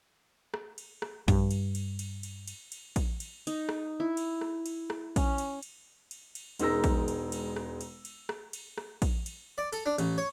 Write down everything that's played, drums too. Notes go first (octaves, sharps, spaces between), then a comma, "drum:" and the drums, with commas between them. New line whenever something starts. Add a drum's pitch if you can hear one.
drum: rim click
drum: cymbal
drum: rim click
G2, drum: kick A#1, cymbal
drum: cymbal
drum: cymbal
drum: cymbal
drum: cymbal
drum: cymbal
drum: cymbal
drum: kick A#1, cymbal
drum: cymbal
D#4, drum: cymbal
drum: rim click
E4
drum: cymbal
drum: rim click
drum: cymbal
drum: rim click
C#4, drum: kick A#1, cymbal
drum: cymbal
drum: cymbal
drum: cymbal
drum: cymbal
E1 G#3 D#4 A#4 E6 A#6, drum: cymbal
drum: kick A#1, cymbal
drum: cymbal
drum: cymbal
drum: rim click
drum: cymbal
drum: cymbal
drum: rim click
drum: cymbal
drum: rim click
drum: kick A#1, cymbal
drum: cymbal
D5
A4, drum: cymbal
D4
A1, drum: cymbal
C#5